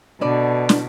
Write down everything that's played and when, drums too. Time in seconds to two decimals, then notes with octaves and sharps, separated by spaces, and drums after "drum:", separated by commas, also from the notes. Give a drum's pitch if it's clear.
0.21 B2 D3 D4 B4 D5
0.69 drum: snare